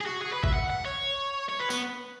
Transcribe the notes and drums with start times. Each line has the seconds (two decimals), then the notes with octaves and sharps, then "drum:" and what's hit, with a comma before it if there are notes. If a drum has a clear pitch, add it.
0.01 G#4
0.06 F#4
0.22 G#4
0.32 B4
0.44 E5, drum: kick G#1
0.54 F#5
0.70 F#5
0.85 C#5
1.49 C#5
1.60 B4
1.70 B3, drum: tambourine